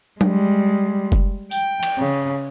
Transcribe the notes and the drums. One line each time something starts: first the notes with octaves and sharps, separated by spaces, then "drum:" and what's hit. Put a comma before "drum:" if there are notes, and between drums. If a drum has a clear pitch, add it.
G3 G#3, drum: tom F#3
drum: kick F#1
G5, drum: tambourine
drum: cymbal
C#3